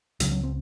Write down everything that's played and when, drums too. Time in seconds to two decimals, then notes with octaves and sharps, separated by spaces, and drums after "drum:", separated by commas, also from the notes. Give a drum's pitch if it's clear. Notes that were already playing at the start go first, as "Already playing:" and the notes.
0.20 C#2 C#3 F#3, drum: hi-hat
0.31 F#3
0.44 C4